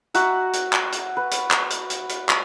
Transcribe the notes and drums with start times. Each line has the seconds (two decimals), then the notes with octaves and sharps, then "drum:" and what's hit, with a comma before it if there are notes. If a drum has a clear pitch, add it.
0.14 F#4 E5 F#5 A#5, drum: hi-hat
0.53 drum: hi-hat
0.73 drum: clap
0.92 drum: hi-hat
1.17 B4
1.31 drum: hi-hat
1.51 drum: clap
1.70 drum: hi-hat
1.90 drum: hi-hat
2.09 drum: hi-hat
2.29 drum: clap